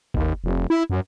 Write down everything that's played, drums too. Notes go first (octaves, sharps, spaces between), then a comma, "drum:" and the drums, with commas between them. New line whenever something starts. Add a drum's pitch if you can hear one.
D#2, drum: kick G1
F1
E4
F#2